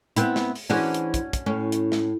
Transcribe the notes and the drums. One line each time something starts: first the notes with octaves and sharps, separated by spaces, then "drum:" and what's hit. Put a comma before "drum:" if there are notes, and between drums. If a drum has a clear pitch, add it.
B3 C4 E4, drum: hi-hat
drum: snare
drum: open hi-hat
E3 C#4 D4 F#4 G#4 C5
drum: hi-hat
drum: kick, hi-hat
drum: kick, hi-hat
A2 C#4
drum: hi-hat
drum: snare